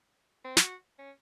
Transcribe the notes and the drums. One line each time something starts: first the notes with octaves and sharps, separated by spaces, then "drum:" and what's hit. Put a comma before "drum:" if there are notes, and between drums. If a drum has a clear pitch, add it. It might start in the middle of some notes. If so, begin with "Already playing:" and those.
C4
F4, drum: snare
F#4
C#4